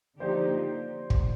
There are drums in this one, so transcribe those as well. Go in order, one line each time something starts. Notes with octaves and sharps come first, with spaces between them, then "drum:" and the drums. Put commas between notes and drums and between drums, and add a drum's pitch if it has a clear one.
D3 F3 A#3 D#4 G4 C5 D5
drum: kick